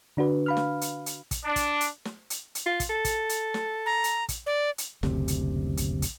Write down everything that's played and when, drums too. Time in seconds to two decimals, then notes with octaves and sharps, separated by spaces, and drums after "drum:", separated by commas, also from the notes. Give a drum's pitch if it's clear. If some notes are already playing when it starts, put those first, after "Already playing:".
0.17 D3 D4 F#4 B4
0.46 F5 B5 F6
0.57 drum: snare
0.81 drum: hi-hat
1.06 drum: hi-hat
1.31 drum: kick, hi-hat
1.45 D4
1.56 drum: kick, hi-hat
1.81 drum: hi-hat
2.05 drum: snare
2.30 drum: hi-hat
2.55 drum: hi-hat
2.66 F4
2.80 drum: kick, hi-hat
2.90 A4
3.05 drum: kick, hi-hat
3.29 drum: hi-hat
3.54 drum: snare
3.86 A#5
4.04 drum: hi-hat
4.29 drum: kick, hi-hat
4.46 D5
4.78 drum: hi-hat
5.03 F#1 D2 C3, drum: snare
5.28 drum: hi-hat
5.77 drum: kick, hi-hat
6.02 drum: kick, hi-hat